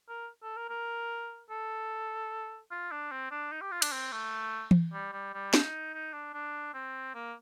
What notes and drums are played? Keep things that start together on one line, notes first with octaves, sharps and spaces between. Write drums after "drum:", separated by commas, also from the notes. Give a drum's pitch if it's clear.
A#4
A4
A#4
A#4
A4
F4
D4
C4
D4
D#4
G4
F4
D4, drum: cymbal
C4
A3
drum: tom E3
G3
G3
G3
D#4, drum: snare
D#4
D4
D4
C4
A#3